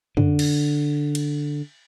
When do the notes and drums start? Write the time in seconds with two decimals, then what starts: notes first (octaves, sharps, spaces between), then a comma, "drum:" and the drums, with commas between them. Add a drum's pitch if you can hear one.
0.17 D3, drum: tom
0.39 drum: cymbal
1.15 drum: cymbal